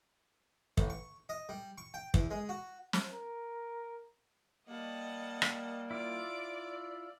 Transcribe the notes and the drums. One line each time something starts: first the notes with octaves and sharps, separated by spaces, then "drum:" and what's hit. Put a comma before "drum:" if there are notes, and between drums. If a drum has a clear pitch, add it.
A1, drum: kick
C#6
D#5
G3
C#6
G5
E2, drum: kick
G#3
F#4
drum: snare
A#4
G3 A#3 D#5 F#5 A5
drum: rim click
E4 F4 D5 D6